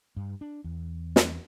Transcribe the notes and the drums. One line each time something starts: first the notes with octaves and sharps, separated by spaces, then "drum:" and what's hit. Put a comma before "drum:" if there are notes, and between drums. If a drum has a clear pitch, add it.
G2
D4
E2
drum: snare